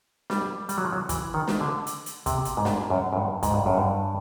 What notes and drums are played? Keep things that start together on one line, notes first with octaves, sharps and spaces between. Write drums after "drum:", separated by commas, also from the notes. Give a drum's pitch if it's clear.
G3, drum: snare
G3, drum: hi-hat
F#3
F3
F#3
E3, drum: kick, hi-hat
D#3
drum: snare
D3
drum: hi-hat
drum: hi-hat
C3, drum: kick, hi-hat
drum: hi-hat
G#2
G2, drum: snare
F#2
F#2
G2
G#2, drum: kick, hi-hat
G2
F#2
G2